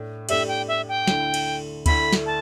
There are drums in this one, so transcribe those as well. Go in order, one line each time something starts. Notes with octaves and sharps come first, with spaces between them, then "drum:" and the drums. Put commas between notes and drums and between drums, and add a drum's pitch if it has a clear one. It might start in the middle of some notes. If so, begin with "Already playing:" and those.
Already playing: A2 A3 D4
A2 A3 D4 G4 E5, drum: cymbal
G5
E5
G5
D2 D3 A3 E4, drum: snare
drum: cymbal
D2 D3 A3 E4 B5, drum: kick D2, cymbal
drum: snare
A5